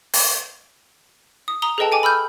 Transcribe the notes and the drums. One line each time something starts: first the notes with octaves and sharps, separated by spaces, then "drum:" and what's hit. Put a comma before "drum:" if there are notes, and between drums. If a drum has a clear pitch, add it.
drum: open hi-hat
D#6
A#5 D#6 G7
G#4 A4 B4 D#5 G5 A5
G5 G#5 D6
B5 E6 F6 G6